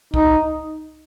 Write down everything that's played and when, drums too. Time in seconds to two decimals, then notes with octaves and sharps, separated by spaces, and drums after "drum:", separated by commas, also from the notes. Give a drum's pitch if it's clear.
0.14 D#4, drum: kick C2